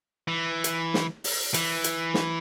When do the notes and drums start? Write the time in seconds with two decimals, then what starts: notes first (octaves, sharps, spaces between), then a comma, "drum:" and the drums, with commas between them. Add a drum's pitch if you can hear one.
0.28 E3
0.64 drum: hi-hat
0.94 drum: snare
1.24 drum: open hi-hat
1.54 E3, drum: hi-hat
1.84 drum: hi-hat
2.14 drum: snare